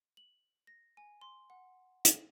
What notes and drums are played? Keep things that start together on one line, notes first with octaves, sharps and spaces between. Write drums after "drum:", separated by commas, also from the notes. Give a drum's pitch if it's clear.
F#7
A#6
G#5
C6
F#5
drum: hi-hat